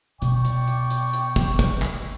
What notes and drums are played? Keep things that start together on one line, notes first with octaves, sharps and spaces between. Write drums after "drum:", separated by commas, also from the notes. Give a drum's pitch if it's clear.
B2 D5 G5 C#6, drum: hi-hat
drum: hi-hat
drum: hi-hat
drum: hi-hat
drum: hi-hat
drum: kick, hi-hat
drum: kick, hi-hat
drum: clap